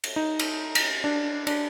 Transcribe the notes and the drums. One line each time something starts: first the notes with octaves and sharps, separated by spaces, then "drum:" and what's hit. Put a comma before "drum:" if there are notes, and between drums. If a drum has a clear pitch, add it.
drum: cymbal
D#4
drum: cymbal
drum: cymbal
D4
D4, drum: cymbal